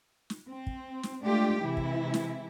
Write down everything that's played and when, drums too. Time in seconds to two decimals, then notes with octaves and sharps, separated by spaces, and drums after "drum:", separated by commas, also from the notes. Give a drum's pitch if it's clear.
0.30 drum: snare
0.48 C4
0.67 drum: kick
1.03 drum: snare
1.22 G#3 A3 D4 F4 G4
1.62 C3 E3 G#3 E4
1.77 drum: kick
2.14 drum: snare